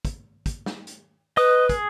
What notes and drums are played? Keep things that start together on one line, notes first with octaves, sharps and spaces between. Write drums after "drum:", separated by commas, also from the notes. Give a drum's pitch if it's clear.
drum: kick, hi-hat
drum: kick, hi-hat
drum: snare
drum: hi-hat
B4 D#5 D#6
G#4, drum: kick, hi-hat